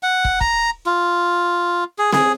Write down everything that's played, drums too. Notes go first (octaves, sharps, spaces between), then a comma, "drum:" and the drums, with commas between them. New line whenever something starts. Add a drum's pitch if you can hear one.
F#5
drum: kick
A#5, drum: kick
F4
G#4
G#4, drum: snare C4